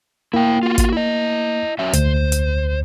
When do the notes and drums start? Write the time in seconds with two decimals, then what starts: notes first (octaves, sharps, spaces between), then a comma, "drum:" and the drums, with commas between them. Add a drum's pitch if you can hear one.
0.33 A#3 E4 G5
0.63 F4 F#4
0.78 drum: kick, hi-hat
0.93 E4 D#5
1.79 F#3 C#4 E5
1.93 D2 C5, drum: hi-hat
2.32 drum: hi-hat